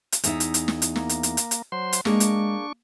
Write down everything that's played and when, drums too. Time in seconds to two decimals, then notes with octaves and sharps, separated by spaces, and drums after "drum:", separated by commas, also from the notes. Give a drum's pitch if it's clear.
0.12 drum: hi-hat
0.24 E2 D#4 E5, drum: hi-hat
0.40 drum: hi-hat
0.54 drum: hi-hat
0.68 drum: snare
0.82 drum: hi-hat
0.96 A#3, drum: snare
1.09 drum: hi-hat
1.23 drum: hi-hat
1.37 drum: hi-hat
1.51 drum: hi-hat
1.72 F#3 C5 C6
1.93 drum: hi-hat
2.05 G#3 A#3 D4 G#4 C#6, drum: snare
2.20 drum: hi-hat